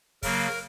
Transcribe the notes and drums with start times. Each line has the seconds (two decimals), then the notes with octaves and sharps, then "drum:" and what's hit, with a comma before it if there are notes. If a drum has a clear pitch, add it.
0.23 C#3 F#3 A#3 A#4, drum: kick, open hi-hat